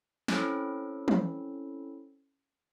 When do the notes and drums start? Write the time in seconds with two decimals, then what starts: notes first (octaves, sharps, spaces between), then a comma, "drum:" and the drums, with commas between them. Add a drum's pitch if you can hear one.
0.28 C4 C#4 E4 A4, drum: snare
1.08 drum: tom